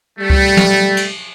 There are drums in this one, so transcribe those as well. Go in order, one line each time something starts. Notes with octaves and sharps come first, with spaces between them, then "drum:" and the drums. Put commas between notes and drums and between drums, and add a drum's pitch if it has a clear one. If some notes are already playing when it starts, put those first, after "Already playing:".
G3 A3
drum: kick C#2
drum: tom
drum: cymbal